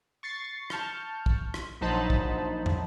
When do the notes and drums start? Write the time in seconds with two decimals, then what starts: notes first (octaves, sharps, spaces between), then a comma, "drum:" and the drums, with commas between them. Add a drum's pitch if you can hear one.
0.23 C#6 A6 C7
0.70 A5 C#6 F6 G6, drum: rim click
1.26 drum: kick
1.54 drum: rim click
1.81 A#1 F#3 D#4 C5 A5 B5
2.10 drum: kick
2.66 drum: tom